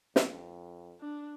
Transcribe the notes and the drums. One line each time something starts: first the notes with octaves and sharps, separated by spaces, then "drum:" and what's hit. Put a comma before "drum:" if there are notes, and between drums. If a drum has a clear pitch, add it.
F2, drum: snare
D4